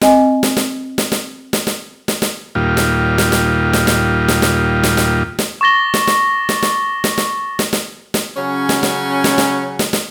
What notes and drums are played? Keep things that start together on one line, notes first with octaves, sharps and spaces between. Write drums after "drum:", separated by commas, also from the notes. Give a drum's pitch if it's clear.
C4 D#5 G#5, drum: snare
drum: snare
drum: snare
drum: snare
drum: snare
drum: snare
drum: snare
drum: snare
drum: snare
D#2 A#2 G3 F4
drum: snare
drum: snare
drum: snare
drum: snare
drum: snare
drum: snare
drum: snare
drum: snare
drum: snare
drum: snare
C#6 D6 A6 A#6 G7
drum: snare
drum: snare
drum: snare
drum: snare
drum: snare
drum: snare
drum: snare
drum: snare
drum: snare
C#3 F#3 C#4
drum: snare
drum: snare
drum: snare
drum: snare
drum: snare
drum: snare